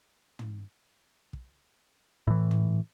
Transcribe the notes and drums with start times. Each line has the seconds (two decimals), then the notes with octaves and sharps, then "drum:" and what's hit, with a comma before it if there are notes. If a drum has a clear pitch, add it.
0.39 drum: tom
1.33 drum: kick
2.27 A2 E3
2.51 drum: tom